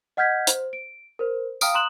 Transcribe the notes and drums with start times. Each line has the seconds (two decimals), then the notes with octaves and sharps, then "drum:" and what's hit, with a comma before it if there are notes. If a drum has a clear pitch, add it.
0.17 D#5 F#5 F6 G6 G#6 B6
0.47 C5, drum: hi-hat
0.73 D7
1.19 A#4 C5
1.61 F5 G5 A#5 D#6 F6 D7, drum: tambourine
1.74 A#5 C6 D#6 F#6 E7 F#7